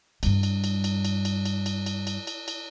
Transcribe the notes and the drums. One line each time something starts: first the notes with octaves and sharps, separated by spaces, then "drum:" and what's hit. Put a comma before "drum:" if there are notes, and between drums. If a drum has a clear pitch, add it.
G2 G3, drum: cymbal
drum: cymbal
drum: cymbal
drum: cymbal
drum: cymbal
drum: cymbal
drum: cymbal
drum: cymbal
drum: cymbal
drum: cymbal
drum: cymbal
drum: cymbal